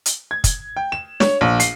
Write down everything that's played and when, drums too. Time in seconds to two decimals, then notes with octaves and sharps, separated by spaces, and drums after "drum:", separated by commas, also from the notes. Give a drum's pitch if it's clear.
0.06 drum: hi-hat
0.31 G#6
0.44 drum: kick, hi-hat
0.77 G5
0.92 E7
1.20 C#5, drum: snare
1.41 A#1
1.60 C7, drum: hi-hat